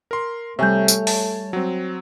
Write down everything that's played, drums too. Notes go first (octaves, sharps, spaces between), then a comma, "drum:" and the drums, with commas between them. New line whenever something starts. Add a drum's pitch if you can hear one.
A#4 C6
C3 G3 A3 C#5 E5 G#5 G6
drum: tambourine
A5, drum: open hi-hat
F#3 C4